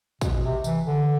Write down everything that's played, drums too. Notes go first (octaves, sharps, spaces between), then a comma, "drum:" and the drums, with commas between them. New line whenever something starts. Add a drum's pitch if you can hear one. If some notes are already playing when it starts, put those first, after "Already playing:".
B2, drum: kick, tambourine
C3
E3, drum: tambourine
D3